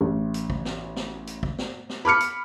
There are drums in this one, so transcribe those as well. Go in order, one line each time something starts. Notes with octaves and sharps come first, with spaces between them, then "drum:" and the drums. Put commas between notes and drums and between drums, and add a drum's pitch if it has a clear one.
A1
drum: hi-hat
drum: kick
drum: snare
drum: snare
drum: hi-hat
drum: kick
drum: snare
drum: snare
B5 D6 F6 C#7
drum: hi-hat